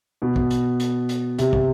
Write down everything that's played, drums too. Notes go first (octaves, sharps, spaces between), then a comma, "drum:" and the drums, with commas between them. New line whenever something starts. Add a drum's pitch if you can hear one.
B2
drum: kick
drum: hi-hat
drum: hi-hat
drum: hi-hat
C3, drum: hi-hat
drum: kick